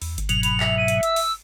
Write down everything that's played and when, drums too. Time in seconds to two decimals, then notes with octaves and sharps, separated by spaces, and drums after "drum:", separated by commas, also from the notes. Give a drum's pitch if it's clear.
0.02 E2, drum: open hi-hat
0.18 drum: kick G1, hi-hat
0.29 G#2 B2 F#3 F7, drum: hi-hat
0.43 B5 F7, drum: hi-hat
0.60 E5, drum: clap
0.78 D#7
0.88 drum: hi-hat
1.03 E6, drum: hi-hat
1.16 drum: open hi-hat